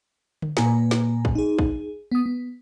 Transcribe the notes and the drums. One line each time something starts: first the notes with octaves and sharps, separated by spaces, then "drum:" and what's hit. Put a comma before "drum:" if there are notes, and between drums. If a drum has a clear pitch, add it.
drum: tom D3
A#2 A#3 B4 G#5 A#5, drum: snare
drum: snare
drum: kick
D#4 G#4
drum: kick
B3 D#6
B3